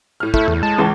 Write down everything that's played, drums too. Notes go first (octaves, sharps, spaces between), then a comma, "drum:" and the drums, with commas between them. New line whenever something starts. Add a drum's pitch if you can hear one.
A2 F6
A3 E4, drum: kick
E2
G#3 A5
C#2 E3